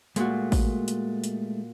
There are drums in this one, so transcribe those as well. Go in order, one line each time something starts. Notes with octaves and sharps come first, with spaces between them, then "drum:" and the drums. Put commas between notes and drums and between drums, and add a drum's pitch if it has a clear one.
A#2 G#3 A3 F#4, drum: hi-hat
drum: kick, open hi-hat
drum: hi-hat
drum: hi-hat